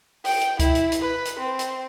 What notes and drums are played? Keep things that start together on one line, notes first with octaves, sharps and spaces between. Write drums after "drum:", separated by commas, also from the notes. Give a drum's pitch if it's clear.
G5, drum: open hi-hat
drum: hi-hat
E4, drum: kick C#2, hi-hat
drum: hi-hat
drum: hi-hat
B4
drum: hi-hat
C4
drum: hi-hat